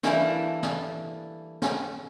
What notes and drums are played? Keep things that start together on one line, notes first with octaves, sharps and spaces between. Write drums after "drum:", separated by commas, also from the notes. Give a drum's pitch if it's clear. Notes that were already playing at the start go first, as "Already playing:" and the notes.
E3 G3 A3 A#3 D4 E4, drum: snare
drum: snare
drum: snare